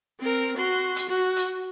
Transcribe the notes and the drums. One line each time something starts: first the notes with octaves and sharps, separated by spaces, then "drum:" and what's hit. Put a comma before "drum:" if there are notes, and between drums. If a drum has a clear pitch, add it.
C4 A#4
F#4 C6
drum: hi-hat
F#4
drum: hi-hat